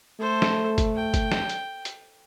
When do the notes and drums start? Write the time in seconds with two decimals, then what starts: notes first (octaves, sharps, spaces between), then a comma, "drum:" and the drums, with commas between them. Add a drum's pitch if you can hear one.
0.20 A3 A4 C5
0.42 drum: snare
0.78 drum: kick, hi-hat
0.96 G5
1.14 drum: kick, hi-hat
1.32 drum: snare
1.49 drum: hi-hat
1.85 drum: hi-hat